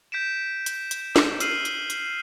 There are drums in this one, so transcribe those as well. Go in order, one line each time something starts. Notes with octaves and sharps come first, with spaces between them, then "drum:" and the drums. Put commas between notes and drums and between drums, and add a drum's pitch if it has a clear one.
G6 B6 D7 E7
drum: hi-hat
drum: hi-hat
drum: snare
E6 F6 C7 D#7 F#7, drum: hi-hat
drum: hi-hat
drum: hi-hat